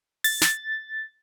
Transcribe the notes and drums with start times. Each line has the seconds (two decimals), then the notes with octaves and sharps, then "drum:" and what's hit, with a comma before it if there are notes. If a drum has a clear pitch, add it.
0.24 A6, drum: open hi-hat
0.41 drum: snare